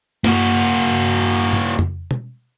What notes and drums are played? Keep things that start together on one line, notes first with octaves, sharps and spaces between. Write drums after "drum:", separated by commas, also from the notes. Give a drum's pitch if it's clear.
A#3 F#4, drum: snare
drum: tom G2
drum: tom F2
drum: tom B2